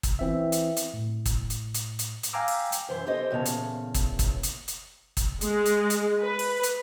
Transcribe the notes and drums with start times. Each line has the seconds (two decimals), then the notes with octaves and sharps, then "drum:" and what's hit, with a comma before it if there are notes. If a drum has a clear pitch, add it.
0.03 drum: kick, hi-hat
0.19 E3 C4 E4 E5
0.52 drum: hi-hat
0.77 drum: hi-hat
0.94 A2
1.26 drum: kick, hi-hat
1.50 drum: hi-hat
1.74 drum: hi-hat
1.99 drum: hi-hat
2.23 drum: hi-hat
2.33 F5 G5 G#5 A#5 D6 E6
2.48 drum: open hi-hat
2.72 drum: hi-hat
2.89 F#2 E3 C5
3.07 G4 A4 C5 C#5 D#5
3.31 E2 A#2 C#3 C#5 A5
3.46 drum: hi-hat
3.94 drum: kick, hi-hat
4.19 drum: kick, hi-hat
4.43 drum: hi-hat
4.68 drum: hi-hat
5.17 drum: kick, hi-hat
5.41 G#3, drum: hi-hat
5.66 drum: hi-hat
5.90 drum: hi-hat
6.21 B4
6.39 drum: open hi-hat
6.63 drum: hi-hat